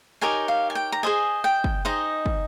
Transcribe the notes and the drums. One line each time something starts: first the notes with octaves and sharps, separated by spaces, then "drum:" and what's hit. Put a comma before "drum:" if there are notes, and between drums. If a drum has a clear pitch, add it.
D#4 G4 A#4 C#5 G#5
F5
G#5
G5
A#5
G#4 C5 D#5 G#5
G5
drum: kick
D#4 G#4 C5 D#5
drum: kick